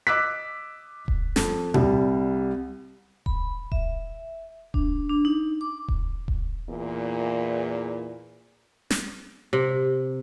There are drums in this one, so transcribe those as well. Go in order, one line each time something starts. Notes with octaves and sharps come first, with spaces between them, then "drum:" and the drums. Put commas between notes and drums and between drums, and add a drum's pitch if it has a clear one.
D#5 D6 E6 F#6 B6
drum: kick D#1
F2, drum: snare
C2 G3, drum: tom A#2
B5, drum: kick D#1
E5, drum: kick D#1
D4, drum: kick D#1
D4
D#4
D6
drum: kick D#1
drum: kick D#1
E2 A#2
drum: snare
C3